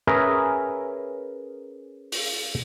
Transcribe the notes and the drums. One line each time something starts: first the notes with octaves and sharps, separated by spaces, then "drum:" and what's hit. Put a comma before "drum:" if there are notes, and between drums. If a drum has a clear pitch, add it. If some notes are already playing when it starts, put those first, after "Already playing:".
C#4 G#4 A#4 B4 E5
drum: open hi-hat